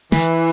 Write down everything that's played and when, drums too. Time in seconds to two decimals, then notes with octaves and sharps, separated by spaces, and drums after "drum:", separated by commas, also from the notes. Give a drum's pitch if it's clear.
0.12 E3, drum: snare